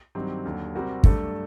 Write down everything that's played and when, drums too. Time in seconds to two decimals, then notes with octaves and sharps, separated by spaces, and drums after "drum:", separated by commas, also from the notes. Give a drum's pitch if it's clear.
0.15 G2 D#3 F#3 C4 G4
0.45 D#2 D3 F#3
0.75 C3 G3 C4 F#4 A#4
1.04 G2 F#3 A3 D4 A4, drum: kick